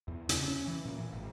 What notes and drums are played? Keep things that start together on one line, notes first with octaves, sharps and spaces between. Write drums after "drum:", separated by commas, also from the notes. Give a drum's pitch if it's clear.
E2
C#3, drum: hi-hat
C#4
E3
A#2
E3
G#1